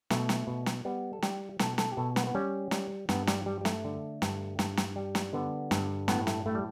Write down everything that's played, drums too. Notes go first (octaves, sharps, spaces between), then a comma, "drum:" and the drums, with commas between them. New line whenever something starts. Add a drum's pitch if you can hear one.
B2 A3, drum: snare
drum: snare
B2
drum: snare
G3 B3
A4
G3 G4, drum: snare
B2 A4, drum: snare
A4, drum: snare
G4
B2 A4
B3, drum: snare
B3
G3 C#4
G3, drum: snare
G2 B3, drum: snare
G3, drum: snare
G3
G3
A3, drum: snare
D3
G2, drum: snare
G2, drum: snare
drum: snare
G3
drum: snare
D3 B3
G2, drum: snare
A2 B3, drum: snare
A3, drum: snare
A2 A3
G3